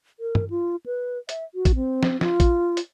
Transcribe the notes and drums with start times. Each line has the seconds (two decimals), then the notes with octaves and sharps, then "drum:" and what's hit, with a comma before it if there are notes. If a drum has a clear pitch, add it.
0.20 A#4
0.35 drum: tom
0.50 F4
0.86 B4
1.29 E5, drum: hi-hat
1.55 F#4
1.65 drum: kick, hi-hat
1.75 C4
2.03 drum: snare
2.21 F4, drum: snare
2.40 drum: kick, hi-hat
2.77 drum: hi-hat